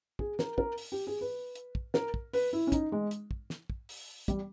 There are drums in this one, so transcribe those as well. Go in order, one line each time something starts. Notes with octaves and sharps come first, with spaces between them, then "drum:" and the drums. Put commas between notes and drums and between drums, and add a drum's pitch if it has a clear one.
G#4, drum: kick
A#4, drum: snare
A#4, drum: kick
drum: open hi-hat
G4
G#4
B4
drum: hi-hat
drum: kick
A#4, drum: snare
drum: kick
B4, drum: open hi-hat
E4
C#4
D#4, drum: kick, hi-hat
G#3
drum: hi-hat
drum: kick
drum: snare
drum: kick
drum: open hi-hat
G3, drum: kick, hi-hat